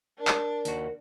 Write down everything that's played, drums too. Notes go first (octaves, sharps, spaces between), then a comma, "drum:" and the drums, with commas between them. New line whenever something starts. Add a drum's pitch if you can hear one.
D4 A#4
drum: clap
D#2 F#4, drum: hi-hat